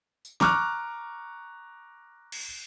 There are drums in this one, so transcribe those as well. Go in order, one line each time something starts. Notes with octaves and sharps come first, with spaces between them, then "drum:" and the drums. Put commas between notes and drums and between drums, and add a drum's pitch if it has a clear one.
drum: tambourine
A#5 C#6 D6 F6 F#6, drum: snare
drum: cymbal